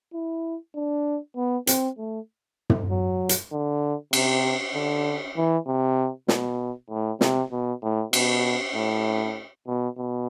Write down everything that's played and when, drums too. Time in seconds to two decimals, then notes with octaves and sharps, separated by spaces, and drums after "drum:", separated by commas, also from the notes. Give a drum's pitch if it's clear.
0.13 E4
0.75 D4
1.36 B3
1.67 C4, drum: hi-hat
1.98 A3
2.70 drum: tom
2.90 F#3
3.29 drum: hi-hat
3.52 D3
4.13 C3, drum: cymbal
4.75 D3
5.36 E3
5.67 C3
6.28 B2, drum: snare
6.90 A2
7.21 C3, drum: snare
7.52 B2
7.82 A2
8.13 B2, drum: cymbal
8.75 A2
9.67 B2
9.97 B2